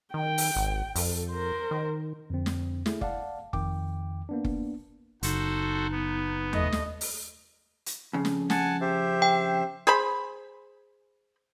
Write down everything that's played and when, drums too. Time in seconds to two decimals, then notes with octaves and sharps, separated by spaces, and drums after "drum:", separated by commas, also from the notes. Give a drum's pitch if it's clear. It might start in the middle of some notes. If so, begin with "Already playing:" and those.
0.14 D#3 G5
0.38 drum: open hi-hat
0.56 G#1
0.96 F2 A4, drum: open hi-hat
1.31 A#4 C5
1.71 D#3
2.30 F2 D3 C4
2.46 drum: snare
2.86 A3 E4 G#4, drum: snare
3.01 D5 F5 F#5 A5, drum: kick F#1
3.53 F2 D#3 G5 D6, drum: kick F#1
4.29 A#3 B3 D4
4.45 drum: kick F#1
5.23 F#1 D#4 F#4 A4 C5, drum: hi-hat
5.91 B3
6.53 A3 D#5, drum: tom
6.72 drum: snare
7.01 drum: open hi-hat
7.86 drum: hi-hat
8.13 F2 C#3
8.25 drum: snare
8.50 F#5 G#5 A5, drum: snare
8.81 G4 C5 E5
9.22 G5
9.87 G#4 C5 B5